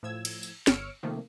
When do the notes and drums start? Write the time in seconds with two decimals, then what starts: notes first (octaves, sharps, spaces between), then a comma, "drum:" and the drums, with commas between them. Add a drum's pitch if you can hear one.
0.03 A2 F3 E6 G#6
0.25 drum: cymbal
0.43 drum: tambourine
0.67 G1 C#5 E6 F6 C#7 D7, drum: snare
1.03 C3 D#3 F3 A3 A#3